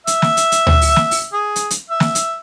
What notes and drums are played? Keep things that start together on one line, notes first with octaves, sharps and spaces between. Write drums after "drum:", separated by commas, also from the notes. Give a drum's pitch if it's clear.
E5, drum: hi-hat
drum: snare
drum: hi-hat
drum: hi-hat
drum: tom D2
drum: open hi-hat
drum: snare
drum: open hi-hat
G#4
drum: hi-hat
drum: hi-hat
E5
drum: snare
drum: hi-hat